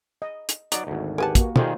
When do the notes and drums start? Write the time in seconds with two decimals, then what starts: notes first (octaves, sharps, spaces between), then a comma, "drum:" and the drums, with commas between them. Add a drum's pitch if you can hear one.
0.22 D#5
0.49 drum: hi-hat
0.72 F#3 D#4 D5, drum: hi-hat
0.87 G#1 D2
1.18 G4 A#4 B4 F#5 G#5 A5
1.35 A#3 F#4, drum: kick, hi-hat
1.56 A#2 D#3 A3 F4 G4 G#4 C5, drum: tom